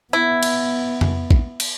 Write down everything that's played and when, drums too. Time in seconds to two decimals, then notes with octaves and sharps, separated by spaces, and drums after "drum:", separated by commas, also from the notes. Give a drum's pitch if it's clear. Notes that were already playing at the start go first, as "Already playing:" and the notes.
0.13 B3 E4
0.43 drum: cymbal
1.01 drum: tom F2
1.31 drum: kick A#1
1.60 drum: cymbal